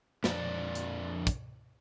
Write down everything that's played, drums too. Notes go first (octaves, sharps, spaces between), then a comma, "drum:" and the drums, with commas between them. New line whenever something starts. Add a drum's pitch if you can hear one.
F2 D4, drum: snare
drum: hi-hat
drum: kick, hi-hat